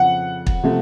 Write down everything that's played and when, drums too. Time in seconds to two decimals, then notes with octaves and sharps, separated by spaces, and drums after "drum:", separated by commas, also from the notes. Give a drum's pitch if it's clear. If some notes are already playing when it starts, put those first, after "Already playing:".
Already playing: F2 C#3 F3 F#5
0.47 drum: kick
0.63 C3 F3 A3